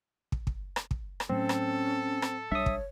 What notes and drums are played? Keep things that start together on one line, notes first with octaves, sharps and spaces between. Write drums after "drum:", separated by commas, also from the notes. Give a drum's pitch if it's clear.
drum: kick
drum: kick
drum: rim click
drum: kick
drum: rim click
A2 F#3 A3 C4 C#4 A4
drum: rim click
drum: rim click
B1 G3 D4 C#5 E5 D#6
drum: kick